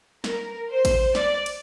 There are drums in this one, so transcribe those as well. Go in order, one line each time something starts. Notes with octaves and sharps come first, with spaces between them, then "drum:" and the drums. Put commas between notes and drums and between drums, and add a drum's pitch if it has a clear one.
A#4, drum: snare
C5
drum: kick A1, cymbal
D5, drum: snare
drum: cymbal